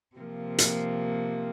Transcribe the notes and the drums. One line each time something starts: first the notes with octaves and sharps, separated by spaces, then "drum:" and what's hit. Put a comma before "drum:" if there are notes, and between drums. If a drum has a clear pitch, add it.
C3 F3 A#3
drum: hi-hat